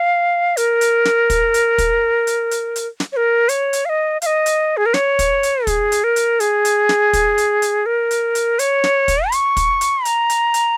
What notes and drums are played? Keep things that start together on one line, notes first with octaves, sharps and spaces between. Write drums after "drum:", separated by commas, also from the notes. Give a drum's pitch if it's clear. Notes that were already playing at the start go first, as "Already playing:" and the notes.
Already playing: F5
A#4, drum: hi-hat
drum: hi-hat
drum: snare
drum: kick, hi-hat
drum: hi-hat
drum: kick, hi-hat
drum: hi-hat
drum: hi-hat
drum: hi-hat
drum: snare
C#5
A#4
C#5, drum: hi-hat
drum: hi-hat
F5
D#5
F5, drum: hi-hat
D#5
drum: hi-hat
G#4
A#4
C#5, drum: snare
drum: kick, hi-hat
drum: hi-hat
G#4, drum: kick, hi-hat
drum: hi-hat
A#4
drum: hi-hat
G#4, drum: hi-hat
drum: hi-hat
drum: snare
drum: kick, hi-hat
drum: hi-hat
drum: hi-hat
A#4
drum: hi-hat
drum: hi-hat
C#5, drum: hi-hat
drum: snare
drum: kick, hi-hat
C#6, drum: hi-hat
drum: kick, hi-hat
drum: hi-hat
A#5, drum: hi-hat
drum: hi-hat
drum: hi-hat